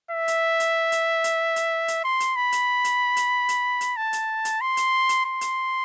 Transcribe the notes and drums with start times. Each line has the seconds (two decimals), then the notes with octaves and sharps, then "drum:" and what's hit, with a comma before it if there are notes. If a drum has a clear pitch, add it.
0.11 E5
0.28 drum: hi-hat
0.60 drum: hi-hat
0.92 drum: hi-hat
1.24 drum: hi-hat
1.56 drum: hi-hat
1.88 drum: hi-hat
2.04 C6
2.20 drum: hi-hat
2.36 B5
2.52 drum: hi-hat
2.84 drum: hi-hat
3.17 drum: hi-hat
3.49 drum: hi-hat
3.81 drum: hi-hat
3.96 A5
4.13 drum: hi-hat
4.45 drum: hi-hat
4.61 C6
4.77 drum: hi-hat
5.09 drum: hi-hat
5.25 C6
5.41 drum: hi-hat